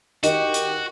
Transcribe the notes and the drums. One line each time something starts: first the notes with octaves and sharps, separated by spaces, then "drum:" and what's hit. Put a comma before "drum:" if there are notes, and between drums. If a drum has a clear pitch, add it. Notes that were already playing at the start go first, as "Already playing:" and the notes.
D#3 F#4 G4 D#5, drum: hi-hat
drum: hi-hat